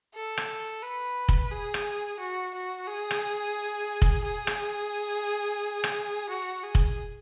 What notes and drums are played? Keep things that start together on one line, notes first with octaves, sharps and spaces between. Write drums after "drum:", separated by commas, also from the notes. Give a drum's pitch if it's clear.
A4
drum: rim click
B4
drum: kick
G#4
drum: rim click
F#4
F#4
G#4
drum: rim click
drum: kick
G#4
drum: rim click
drum: rim click
F#4
G#4
drum: kick